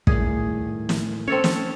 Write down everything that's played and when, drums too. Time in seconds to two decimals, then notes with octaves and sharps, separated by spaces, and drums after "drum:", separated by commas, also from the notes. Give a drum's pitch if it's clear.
0.07 A2 D#3 G3 G#4, drum: kick
0.89 drum: snare
1.28 C4 C#4 A4 C#5
1.44 drum: snare